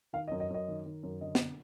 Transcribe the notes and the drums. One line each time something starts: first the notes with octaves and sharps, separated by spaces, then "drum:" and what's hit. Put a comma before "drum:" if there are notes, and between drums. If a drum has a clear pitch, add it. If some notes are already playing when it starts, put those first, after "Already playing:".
D#3 F5
D#5
F#2
D#5
F#2 D#5
D#3
D#3
F#2
D3 D#5
drum: snare